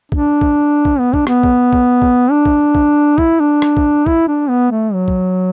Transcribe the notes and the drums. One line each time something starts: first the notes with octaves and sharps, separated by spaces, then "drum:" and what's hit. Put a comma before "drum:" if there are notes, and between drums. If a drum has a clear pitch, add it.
D4, drum: kick
drum: kick
drum: kick
B3
D4, drum: kick
B3, drum: rim click
drum: kick
drum: kick
drum: kick
D4
drum: kick
drum: kick
E4, drum: kick
D4
drum: rim click
drum: kick
E4, drum: kick
D4
B3
A3
F#3
drum: kick